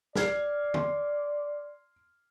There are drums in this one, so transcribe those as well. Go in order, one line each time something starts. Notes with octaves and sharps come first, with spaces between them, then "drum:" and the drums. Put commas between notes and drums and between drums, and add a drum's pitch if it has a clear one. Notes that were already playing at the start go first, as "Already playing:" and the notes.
D5 F6 G#6 C7, drum: snare
C6, drum: tom